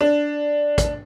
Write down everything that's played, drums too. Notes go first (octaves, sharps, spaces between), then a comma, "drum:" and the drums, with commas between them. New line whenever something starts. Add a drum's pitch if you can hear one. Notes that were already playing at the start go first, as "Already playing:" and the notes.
D4
drum: kick, hi-hat